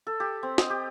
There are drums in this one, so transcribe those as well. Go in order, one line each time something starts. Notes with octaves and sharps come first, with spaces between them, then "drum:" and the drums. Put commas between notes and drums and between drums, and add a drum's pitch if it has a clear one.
A4
G4
C4
D#5, drum: snare
G4